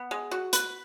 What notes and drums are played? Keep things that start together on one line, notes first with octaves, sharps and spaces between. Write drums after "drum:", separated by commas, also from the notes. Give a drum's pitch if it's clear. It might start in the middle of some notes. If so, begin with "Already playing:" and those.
Already playing: B3
G#3
F#4
B4, drum: hi-hat